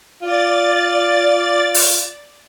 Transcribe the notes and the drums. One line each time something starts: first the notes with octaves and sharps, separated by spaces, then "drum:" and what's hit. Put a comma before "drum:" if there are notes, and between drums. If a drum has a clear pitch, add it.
F4 D5 A6
drum: open hi-hat